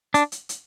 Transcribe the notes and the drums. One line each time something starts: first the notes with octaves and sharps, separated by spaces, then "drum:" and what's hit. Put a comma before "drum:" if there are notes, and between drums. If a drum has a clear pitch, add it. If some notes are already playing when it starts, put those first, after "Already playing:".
D4, drum: hi-hat
drum: hi-hat
drum: hi-hat